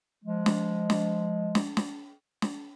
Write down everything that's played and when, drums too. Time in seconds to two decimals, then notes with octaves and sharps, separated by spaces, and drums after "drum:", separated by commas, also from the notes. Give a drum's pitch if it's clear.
0.24 F3 G#3
0.46 drum: snare
0.90 drum: snare
1.55 drum: snare
1.77 drum: snare
2.42 drum: snare